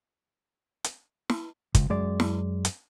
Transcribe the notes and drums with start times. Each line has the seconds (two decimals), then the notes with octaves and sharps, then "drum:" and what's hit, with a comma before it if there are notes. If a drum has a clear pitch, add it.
0.84 drum: hi-hat
1.30 drum: snare
1.75 C#2, drum: kick G1, hi-hat
1.90 F#2 G#3 D5
2.20 drum: snare
2.65 drum: hi-hat